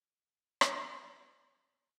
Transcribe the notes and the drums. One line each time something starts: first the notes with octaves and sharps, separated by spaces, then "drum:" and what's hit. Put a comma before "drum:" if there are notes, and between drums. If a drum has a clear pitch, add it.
E4 B4
drum: rim click